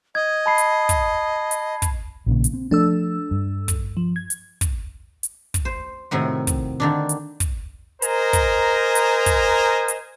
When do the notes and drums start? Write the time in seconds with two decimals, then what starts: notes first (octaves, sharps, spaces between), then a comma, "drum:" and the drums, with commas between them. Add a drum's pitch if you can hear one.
0.15 D#5 G#6
0.46 A5 B5 C7
0.58 drum: hi-hat
0.89 drum: kick, hi-hat
1.51 drum: hi-hat
1.82 drum: kick, hi-hat
2.26 A#1 A#2 C#3
2.44 drum: hi-hat
2.54 C4
2.71 F3 A3 D4 A4 E6
3.31 G2
3.68 drum: kick, hi-hat
3.97 F3
4.16 G#6
4.30 drum: hi-hat
4.61 drum: kick, hi-hat
5.23 drum: hi-hat
5.54 drum: kick, hi-hat
5.65 C5
6.11 A2 C3 D#3 F#4
6.47 drum: kick, hi-hat
6.80 D3 D#3 D4
7.09 drum: hi-hat
7.40 drum: kick, hi-hat
8.02 A#4 C5 D#5 G#5 A#5, drum: hi-hat
8.33 drum: kick, hi-hat
8.95 drum: hi-hat
9.26 drum: kick, hi-hat
9.88 drum: hi-hat